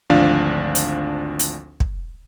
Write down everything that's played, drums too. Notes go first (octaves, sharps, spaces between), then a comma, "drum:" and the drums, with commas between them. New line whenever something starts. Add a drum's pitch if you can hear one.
G#1 D2 F3 D4 F5
drum: hi-hat
drum: hi-hat
drum: kick